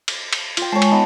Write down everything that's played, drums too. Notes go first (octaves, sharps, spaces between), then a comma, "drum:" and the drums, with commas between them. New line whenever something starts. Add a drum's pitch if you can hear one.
drum: cymbal
drum: cymbal
F4 G5, drum: cymbal
G#3 C#5 G#5 A5
drum: cymbal
B3 D#4